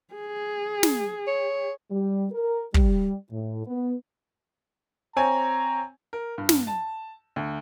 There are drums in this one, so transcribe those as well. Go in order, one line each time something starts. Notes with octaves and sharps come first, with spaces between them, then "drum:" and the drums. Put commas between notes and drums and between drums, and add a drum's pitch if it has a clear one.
G#4
drum: snare
C#5
G3
A#4
G3, drum: kick
A2
B3
C4 C#5 G#5 A#5
A#4
G2
drum: snare
A5
D2